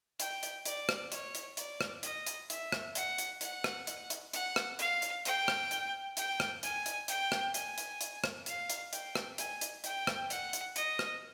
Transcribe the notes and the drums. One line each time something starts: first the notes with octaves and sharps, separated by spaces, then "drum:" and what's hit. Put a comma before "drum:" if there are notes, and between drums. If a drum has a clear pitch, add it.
G5, drum: hi-hat
drum: hi-hat
D5, drum: hi-hat
drum: rim click
C#5, drum: hi-hat
drum: hi-hat
D5, drum: hi-hat
drum: rim click
D#5, drum: hi-hat
drum: hi-hat
E5, drum: hi-hat
drum: rim click
F#5, drum: hi-hat
drum: hi-hat
F#5, drum: hi-hat
drum: rim click
drum: hi-hat
drum: hi-hat
F#5, drum: hi-hat
drum: rim click
F5, drum: hi-hat
drum: hi-hat
G5, drum: hi-hat
drum: rim click
drum: hi-hat
G5, drum: hi-hat
drum: rim click
G#5, drum: hi-hat
drum: hi-hat
G5, drum: hi-hat
drum: rim click
G#5, drum: hi-hat
drum: hi-hat
drum: hi-hat
drum: rim click
F5, drum: hi-hat
drum: hi-hat
G5, drum: hi-hat
drum: rim click
G#5, drum: hi-hat
drum: hi-hat
G5, drum: hi-hat
drum: rim click
F#5, drum: hi-hat
drum: hi-hat
D#5, drum: hi-hat
drum: rim click